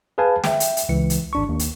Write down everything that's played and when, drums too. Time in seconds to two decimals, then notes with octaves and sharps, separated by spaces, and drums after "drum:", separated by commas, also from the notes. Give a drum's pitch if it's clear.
0.18 G#4 B4 F5 G#5 A5
0.44 E5 G5, drum: snare
0.60 drum: hi-hat
0.77 drum: hi-hat
0.89 C#2 E3 C#7
1.10 drum: hi-hat
1.33 G#1 D4 C#6
1.49 D#2
1.59 drum: hi-hat